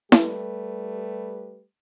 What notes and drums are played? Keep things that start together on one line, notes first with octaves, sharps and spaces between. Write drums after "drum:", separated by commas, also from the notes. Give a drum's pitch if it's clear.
G3 A3 G4 B4, drum: snare E4